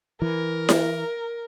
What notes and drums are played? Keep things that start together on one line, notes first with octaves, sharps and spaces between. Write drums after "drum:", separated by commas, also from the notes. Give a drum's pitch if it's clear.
E3 A#4
drum: snare E4